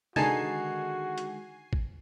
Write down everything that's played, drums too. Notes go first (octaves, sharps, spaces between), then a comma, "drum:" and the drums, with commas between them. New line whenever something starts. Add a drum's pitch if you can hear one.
D3 D#3 G#3 D#4 F#4 G#5 A5 C7, drum: tom
drum: hi-hat
drum: kick